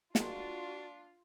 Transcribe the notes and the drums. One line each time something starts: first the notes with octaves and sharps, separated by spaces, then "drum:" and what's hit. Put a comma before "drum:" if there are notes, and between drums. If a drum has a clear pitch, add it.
G#3 A#3 D4 F4 F#4 F#5, drum: snare